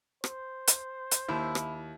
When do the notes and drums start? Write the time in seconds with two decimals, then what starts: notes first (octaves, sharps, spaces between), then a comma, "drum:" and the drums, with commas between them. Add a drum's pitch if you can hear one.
0.24 C5, drum: rim click
0.67 drum: hi-hat
1.11 drum: hi-hat
1.29 D#2 E4
1.55 drum: rim click